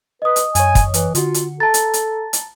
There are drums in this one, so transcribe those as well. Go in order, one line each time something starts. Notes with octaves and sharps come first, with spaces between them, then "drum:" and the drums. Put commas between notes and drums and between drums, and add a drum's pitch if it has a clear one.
B4 D#5 D#6
drum: hi-hat
F#2 C#5 G#5, drum: hi-hat
drum: kick, hi-hat
E3, drum: hi-hat
D3 F4 F#4, drum: hi-hat
drum: hi-hat
A4 A5 A#5 A6
drum: hi-hat
drum: hi-hat
drum: hi-hat